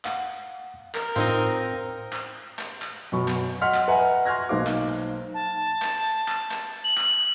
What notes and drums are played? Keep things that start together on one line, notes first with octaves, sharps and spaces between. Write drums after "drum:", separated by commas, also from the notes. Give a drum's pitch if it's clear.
F5 F#5, drum: clap
A#4, drum: clap
A2 C4 D#4 F4 D#5 F5
drum: clap
drum: clap
drum: clap
F#2 B2 B5 C#6
drum: clap
D#5 F#5 C6 F6 B6
drum: clap
B4 D#5 E5 F#5 G#5 A#5
C6 C#6 F6 F#6 G#6 A#6
B1 A#3 D#4 C5 F5 D6
drum: clap
A5
drum: clap
drum: clap
drum: clap
F#7
drum: clap